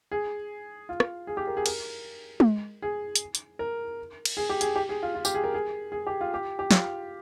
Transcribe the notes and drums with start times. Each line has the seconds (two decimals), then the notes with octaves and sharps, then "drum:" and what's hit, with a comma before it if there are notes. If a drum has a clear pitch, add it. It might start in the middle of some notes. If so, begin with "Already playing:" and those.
0.12 G#4
0.89 F4
1.00 drum: rim click
1.27 G#4
1.37 G4
1.47 A#4
1.57 G#4
1.66 A#4, drum: cymbal
2.40 drum: tom G#3
2.82 G#4
3.16 drum: hi-hat
3.35 drum: hi-hat
3.59 A#4
4.25 drum: cymbal
4.37 G#4
4.50 G4
4.61 G#4, drum: hi-hat
4.76 G4
4.89 G#4
5.03 F4
5.15 F4
5.25 G4, drum: tambourine
5.35 G#4
5.44 A#4
5.54 G#4
5.92 G#4
6.07 G4
6.21 F4
6.34 G4
6.59 G4
6.71 F4, drum: snare